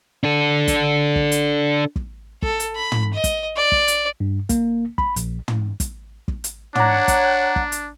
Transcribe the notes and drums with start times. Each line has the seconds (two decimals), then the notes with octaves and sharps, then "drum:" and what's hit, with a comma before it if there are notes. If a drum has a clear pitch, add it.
0.24 D4 A4
0.68 drum: kick, hi-hat
1.16 drum: kick
1.32 drum: hi-hat
1.96 drum: kick
2.42 A4, drum: kick
2.60 drum: hi-hat
2.76 B5
2.92 drum: tom
3.13 D#5
3.24 drum: kick, hi-hat
3.56 D5
3.72 drum: kick
3.88 drum: hi-hat
4.20 G2
4.49 A#3, drum: kick, hi-hat
4.98 B5, drum: kick
5.16 A#1, drum: hi-hat
5.48 drum: tom
5.80 drum: kick, hi-hat
6.28 drum: kick
6.44 drum: hi-hat
6.75 D4 C#5 F#5 A#5 D6, drum: tom
7.08 drum: kick, hi-hat
7.56 drum: kick
7.72 drum: hi-hat